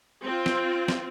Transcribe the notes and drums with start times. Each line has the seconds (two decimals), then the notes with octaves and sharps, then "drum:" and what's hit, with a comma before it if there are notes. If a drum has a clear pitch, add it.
0.25 C4 F4
0.46 drum: snare
0.88 drum: snare